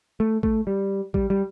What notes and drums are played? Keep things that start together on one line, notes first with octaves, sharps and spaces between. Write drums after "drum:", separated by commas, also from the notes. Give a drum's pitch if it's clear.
A3
A3, drum: kick
G3
G3, drum: kick
G3